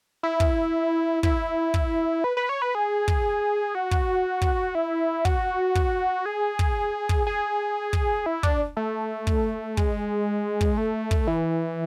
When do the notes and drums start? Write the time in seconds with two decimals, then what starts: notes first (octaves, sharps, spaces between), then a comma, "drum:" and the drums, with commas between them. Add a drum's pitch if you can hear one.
0.23 E4
0.40 drum: kick
1.23 E4, drum: kick
1.74 drum: kick
2.24 B4
2.37 B4
2.49 C#5
2.62 B4
2.75 G#4
3.08 drum: kick
3.75 F#4
3.91 drum: kick
4.42 drum: kick
4.75 E4
5.25 F#4, drum: kick
5.75 drum: kick
6.26 G#4
6.59 drum: kick
7.09 drum: kick
7.27 G#4
7.93 drum: kick
8.26 E4
8.43 D4, drum: kick
8.77 A3
9.27 drum: kick
9.77 G#3, drum: kick
10.61 drum: kick
10.78 A3
11.11 drum: kick
11.27 E3